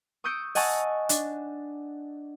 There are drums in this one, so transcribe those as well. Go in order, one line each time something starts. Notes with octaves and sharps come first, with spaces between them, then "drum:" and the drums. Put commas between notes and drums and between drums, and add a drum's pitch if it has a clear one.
C#6 D#6 E6 G6 C#7 D7
D#5 F#5 G#5 A5 C#6 E6, drum: open hi-hat
D4, drum: hi-hat